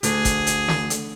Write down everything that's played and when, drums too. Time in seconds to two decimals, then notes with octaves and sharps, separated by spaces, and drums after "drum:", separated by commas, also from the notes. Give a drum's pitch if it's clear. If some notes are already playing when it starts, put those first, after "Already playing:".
0.03 D2 G#4, drum: hi-hat
0.25 drum: kick G1, hi-hat
0.47 drum: hi-hat
0.68 drum: snare
0.90 drum: hi-hat